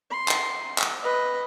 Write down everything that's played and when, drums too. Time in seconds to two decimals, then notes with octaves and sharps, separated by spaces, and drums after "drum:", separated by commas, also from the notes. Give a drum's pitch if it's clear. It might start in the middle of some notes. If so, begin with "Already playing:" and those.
0.11 C6
0.28 drum: clap
0.78 drum: clap
1.03 B4 D#5